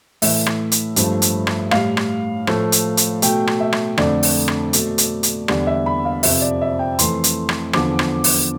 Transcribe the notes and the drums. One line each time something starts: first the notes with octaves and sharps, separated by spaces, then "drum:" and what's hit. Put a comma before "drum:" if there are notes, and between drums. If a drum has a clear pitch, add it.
A2 E3 A3 E5, drum: open hi-hat
drum: rim click
drum: hi-hat
G2 F3 A3, drum: hi-hat
drum: hi-hat
drum: rim click
A2 G3 F5, drum: rim click
drum: rim click
A2 F3 A3, drum: rim click
drum: hi-hat
drum: hi-hat
B2 A3 G5, drum: hi-hat
drum: rim click
E5
drum: rim click
F2 D3 A3 D5, drum: rim click
drum: open hi-hat
drum: rim click
B2 A3, drum: hi-hat
drum: hi-hat
drum: hi-hat
E2 D3 G3 D5, drum: rim click
E5
B5
F5
F2 C3 F3 E5, drum: open hi-hat
D5
E5
G5
F2 E3 A3 C6, drum: hi-hat
drum: hi-hat
drum: rim click
E2 D3 F3 D6, drum: rim click
drum: rim click
drum: open hi-hat